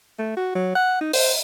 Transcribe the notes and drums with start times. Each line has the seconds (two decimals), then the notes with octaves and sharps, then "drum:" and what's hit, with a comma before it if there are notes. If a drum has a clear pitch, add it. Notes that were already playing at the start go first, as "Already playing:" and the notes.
0.18 A3
0.37 F#4
0.55 F#3
0.75 F#5
1.01 D#4
1.13 C5, drum: open hi-hat